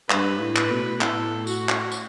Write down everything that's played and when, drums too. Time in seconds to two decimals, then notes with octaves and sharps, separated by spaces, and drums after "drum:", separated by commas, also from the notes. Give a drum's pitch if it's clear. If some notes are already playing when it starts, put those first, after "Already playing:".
0.10 G2 B4, drum: clap
0.40 A2
0.56 B4, drum: clap
0.71 B2
1.01 A2 A4, drum: clap
1.47 F#4, drum: tambourine
1.69 drum: clap
1.92 drum: tambourine